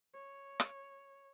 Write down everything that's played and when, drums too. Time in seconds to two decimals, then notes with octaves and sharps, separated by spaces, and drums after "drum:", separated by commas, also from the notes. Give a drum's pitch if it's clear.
0.14 C#5
0.60 drum: rim click